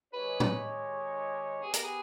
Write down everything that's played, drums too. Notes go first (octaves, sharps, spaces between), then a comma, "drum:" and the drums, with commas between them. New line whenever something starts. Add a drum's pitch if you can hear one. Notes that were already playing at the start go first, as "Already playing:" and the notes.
D#3 G#3 D#4 G4 B4 C#5
drum: tom
B3 G4 G#4 B4
A#4, drum: hi-hat
G#4